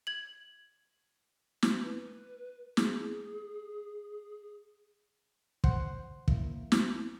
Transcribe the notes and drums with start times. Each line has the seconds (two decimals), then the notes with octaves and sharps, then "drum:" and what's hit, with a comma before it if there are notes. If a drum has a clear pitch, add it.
0.07 G#6 F#7
1.62 drum: snare
1.83 B4
2.77 G#4, drum: snare
5.64 C5 F#5, drum: kick
6.28 A#3 E4, drum: kick
6.72 drum: snare